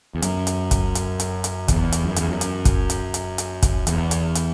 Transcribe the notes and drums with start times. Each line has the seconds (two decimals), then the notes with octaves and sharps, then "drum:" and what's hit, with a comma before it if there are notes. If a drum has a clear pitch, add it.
0.15 E2
0.22 F#2, drum: hi-hat
0.47 drum: hi-hat
0.71 drum: kick, hi-hat
0.95 drum: hi-hat
1.20 drum: hi-hat
1.44 drum: hi-hat
1.68 E2, drum: kick, hi-hat
1.92 drum: hi-hat
2.05 F#2
2.16 E2, drum: hi-hat
2.29 F#2
2.41 drum: hi-hat
2.65 drum: kick, hi-hat
2.90 drum: hi-hat
3.14 drum: hi-hat
3.38 drum: hi-hat
3.62 drum: kick, hi-hat
3.87 E2, drum: hi-hat
4.11 drum: hi-hat
4.35 drum: hi-hat